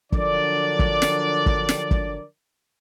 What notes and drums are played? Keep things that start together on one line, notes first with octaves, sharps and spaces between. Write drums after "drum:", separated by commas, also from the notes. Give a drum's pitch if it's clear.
D3 F3 F#3 D4 A#4 D5, drum: kick
drum: kick
drum: snare
drum: kick
drum: snare
drum: kick